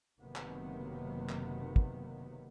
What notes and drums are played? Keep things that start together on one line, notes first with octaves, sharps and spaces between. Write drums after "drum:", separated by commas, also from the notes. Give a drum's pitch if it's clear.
F#1 C3 D#3 F#3 A#3 B3
drum: clap
drum: clap
drum: kick